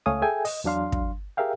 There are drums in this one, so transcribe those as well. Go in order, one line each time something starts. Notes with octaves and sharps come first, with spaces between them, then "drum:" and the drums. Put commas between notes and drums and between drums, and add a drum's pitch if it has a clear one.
C#2 A3 C#5 F5 G#5 D#6
G#4 A4 E5 G5 G#5
D#5, drum: open hi-hat
E2 F#3 D4 F5 C6
drum: kick
G4 G#4 A#4 E5 F5 G5